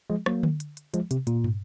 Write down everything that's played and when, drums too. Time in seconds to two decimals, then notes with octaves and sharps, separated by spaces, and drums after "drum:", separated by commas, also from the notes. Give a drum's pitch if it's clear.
0.10 F3 G#3
0.26 F#3 A#3, drum: rim click
0.43 drum: tom D3
0.60 drum: hi-hat
0.77 drum: hi-hat
0.94 F3 G#3, drum: hi-hat
1.11 C3, drum: hi-hat
1.27 A#2, drum: hi-hat
1.44 drum: tom